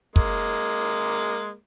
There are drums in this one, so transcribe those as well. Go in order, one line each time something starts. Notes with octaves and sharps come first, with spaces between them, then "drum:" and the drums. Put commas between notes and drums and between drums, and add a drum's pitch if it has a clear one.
G#3 A#3, drum: kick